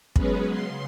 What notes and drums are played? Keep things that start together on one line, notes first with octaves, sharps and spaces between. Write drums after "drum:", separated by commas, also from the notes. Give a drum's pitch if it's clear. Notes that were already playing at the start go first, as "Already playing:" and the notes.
F#3 G#3 B3 C#4 G#4 B4, drum: kick
C#3 C6